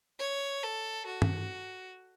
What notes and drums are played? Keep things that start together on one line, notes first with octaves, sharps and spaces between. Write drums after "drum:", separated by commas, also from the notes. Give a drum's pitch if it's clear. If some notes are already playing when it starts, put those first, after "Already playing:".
C#5
A4
F#4
drum: tom G2